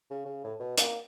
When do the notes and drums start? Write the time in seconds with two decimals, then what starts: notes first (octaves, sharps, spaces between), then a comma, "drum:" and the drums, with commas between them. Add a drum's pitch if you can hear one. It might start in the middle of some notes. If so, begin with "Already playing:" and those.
0.11 C#3
0.25 C#3
0.44 A2
0.60 B2
0.78 A#3, drum: hi-hat